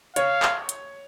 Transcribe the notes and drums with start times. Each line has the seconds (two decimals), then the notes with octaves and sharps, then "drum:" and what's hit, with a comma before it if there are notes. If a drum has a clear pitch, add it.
0.16 C#5 F5, drum: hi-hat
0.42 drum: clap
0.69 drum: hi-hat